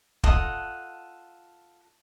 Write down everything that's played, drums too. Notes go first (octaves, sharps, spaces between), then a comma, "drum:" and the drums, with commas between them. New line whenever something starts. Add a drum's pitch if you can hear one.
F4 A4 D#5 F#5, drum: kick